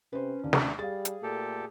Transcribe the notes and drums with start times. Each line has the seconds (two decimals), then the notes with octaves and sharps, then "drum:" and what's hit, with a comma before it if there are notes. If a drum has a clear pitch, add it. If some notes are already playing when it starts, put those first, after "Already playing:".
0.13 C3 C#4 B4 C5
0.44 D#2 D4
0.53 drum: snare
0.79 G3 G#4 F5 A6
1.05 drum: hi-hat
1.23 A#2 A3 G4 A4